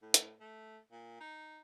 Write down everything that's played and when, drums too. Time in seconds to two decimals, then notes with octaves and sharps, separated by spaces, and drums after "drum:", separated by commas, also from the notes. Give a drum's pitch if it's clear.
0.02 A2
0.14 drum: hi-hat
0.40 A3
0.91 A#2
1.20 D#4